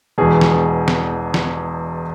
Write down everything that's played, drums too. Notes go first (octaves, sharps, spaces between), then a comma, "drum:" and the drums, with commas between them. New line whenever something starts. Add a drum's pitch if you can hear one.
E1 E2 B2 G#4
drum: snare
drum: snare
drum: snare